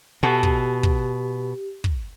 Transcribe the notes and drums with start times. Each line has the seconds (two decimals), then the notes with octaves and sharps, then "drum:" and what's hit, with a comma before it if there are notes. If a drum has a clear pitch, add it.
0.23 B2 E3 F#4 G4 A4
0.43 drum: kick
0.83 drum: kick
1.84 drum: kick